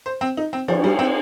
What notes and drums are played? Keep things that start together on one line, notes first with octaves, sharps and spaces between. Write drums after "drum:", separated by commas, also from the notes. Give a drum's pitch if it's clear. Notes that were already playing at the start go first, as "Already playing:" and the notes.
C5
C4
D#4
C4
F3, drum: cymbal
G3
C4